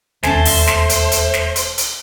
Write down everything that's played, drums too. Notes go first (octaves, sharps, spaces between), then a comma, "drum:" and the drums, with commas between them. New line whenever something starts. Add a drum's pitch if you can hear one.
E1 D#2 A3 C#4 C5 G#5 A5, drum: snare
drum: open hi-hat
drum: snare
drum: hi-hat
drum: hi-hat
drum: snare
drum: hi-hat
drum: hi-hat